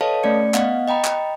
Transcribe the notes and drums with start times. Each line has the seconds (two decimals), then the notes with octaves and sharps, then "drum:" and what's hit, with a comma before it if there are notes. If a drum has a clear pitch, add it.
0.01 A4 B4 C#5 D#5 F5 A5
0.23 A3 C#4 D5 C#7
0.54 B3 D#5 F5 F#5, drum: clap
0.88 D#5 G5 A#5 B5
1.04 drum: clap